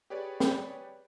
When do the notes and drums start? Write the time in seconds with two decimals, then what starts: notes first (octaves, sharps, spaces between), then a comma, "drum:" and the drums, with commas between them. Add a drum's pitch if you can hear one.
0.10 G4 G#4 B4 C#5 D5
0.40 drum: snare